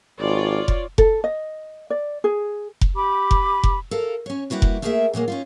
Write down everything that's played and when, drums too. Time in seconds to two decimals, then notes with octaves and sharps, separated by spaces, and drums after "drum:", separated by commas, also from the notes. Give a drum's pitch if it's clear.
0.20 G#1 F4 C#5 D5
0.68 drum: kick F1
0.98 A4, drum: kick F1
1.24 D#5
1.90 D5
2.24 G#4
2.81 drum: kick F1
2.95 G4 B5 D6
3.31 drum: kick F1
3.63 drum: kick F1
3.91 A4 A#4 F5
4.26 C#4 C#5
4.50 G3 A#3 E4 F#4 B4
4.62 drum: kick F1
4.82 A3 A#3 G#4 A#4 C#5 E5
5.13 A#2 F#3 G#3 A#3
5.28 C#4 D#4 F4